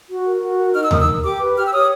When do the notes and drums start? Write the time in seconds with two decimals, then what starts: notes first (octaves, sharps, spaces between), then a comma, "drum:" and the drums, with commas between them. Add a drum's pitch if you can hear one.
0.09 F#4
0.25 A#4
0.41 F#4
0.58 A#4
0.74 D#4 F6
0.82 E6
0.91 A#4 D#6, drum: tom D#2
0.99 E6
1.06 A#4
1.23 G4 D6
1.39 B4
1.56 G4 F6
1.65 E6
1.72 C#5 D#6